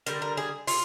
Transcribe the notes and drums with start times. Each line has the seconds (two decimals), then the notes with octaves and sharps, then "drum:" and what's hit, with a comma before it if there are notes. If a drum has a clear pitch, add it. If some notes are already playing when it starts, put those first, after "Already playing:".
0.06 D3 G3 A#4, drum: hi-hat
0.22 A#4
0.37 G#4
0.67 F4, drum: open hi-hat